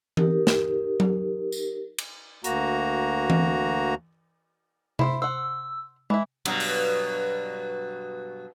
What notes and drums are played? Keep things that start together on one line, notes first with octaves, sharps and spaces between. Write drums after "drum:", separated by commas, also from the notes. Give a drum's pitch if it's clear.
D#4 G4 A#4, drum: tom E3
drum: snare
drum: tom F#3
drum: tambourine
drum: cymbal
D2 A#3 F#4 A#5, drum: hi-hat
drum: tom E3
E4 C5 E5, drum: tom C3
C5 F#5 E6
E3 G#3 E4
G2 B2 F#3, drum: cymbal
drum: open hi-hat